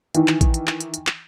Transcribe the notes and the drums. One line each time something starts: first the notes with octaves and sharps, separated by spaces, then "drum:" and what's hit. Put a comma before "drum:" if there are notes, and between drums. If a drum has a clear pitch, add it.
D#3 E3, drum: hi-hat
drum: clap
drum: kick A1, hi-hat
drum: hi-hat
drum: clap
drum: hi-hat
drum: hi-hat
drum: clap